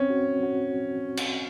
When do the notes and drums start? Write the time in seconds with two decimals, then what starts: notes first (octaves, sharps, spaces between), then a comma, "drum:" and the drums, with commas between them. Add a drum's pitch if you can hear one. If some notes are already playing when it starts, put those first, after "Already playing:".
Already playing: C4 C#4
0.10 F#4
0.43 F#4
1.17 drum: cymbal